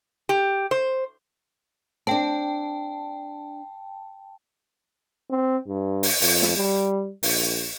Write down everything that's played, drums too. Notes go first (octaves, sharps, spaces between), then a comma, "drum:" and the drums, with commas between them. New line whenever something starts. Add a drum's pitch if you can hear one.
G4
C5
C4 D4 G5 A5
C4
G2
drum: open hi-hat
F2, drum: open hi-hat
drum: snare
G3
A#1, drum: open hi-hat